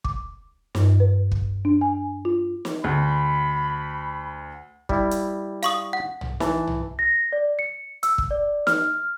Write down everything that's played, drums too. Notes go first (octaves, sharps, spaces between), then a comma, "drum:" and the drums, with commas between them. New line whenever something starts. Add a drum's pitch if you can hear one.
D6, drum: kick
G2, drum: snare
B4
drum: kick
D4
G#5
F4
drum: snare
D2 B5
G3 E4, drum: kick
drum: hi-hat
F5 C#6 D#6, drum: hi-hat
F#5
drum: tom
E3 A5, drum: snare
drum: tom
A#6
D5
C#7
E6, drum: hi-hat
drum: kick
D5
F6, drum: snare